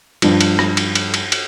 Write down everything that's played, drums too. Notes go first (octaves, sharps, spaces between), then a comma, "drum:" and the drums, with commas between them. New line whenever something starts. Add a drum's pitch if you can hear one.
G2 F3, drum: cymbal
drum: cymbal
drum: rim click
drum: cymbal
drum: cymbal
drum: cymbal
drum: cymbal